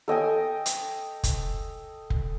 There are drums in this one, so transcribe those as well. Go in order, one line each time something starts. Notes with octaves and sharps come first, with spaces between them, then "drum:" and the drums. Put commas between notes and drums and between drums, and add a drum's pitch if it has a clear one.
A4 D#5 G5 G#5
drum: hi-hat
drum: kick F1, hi-hat
drum: kick F1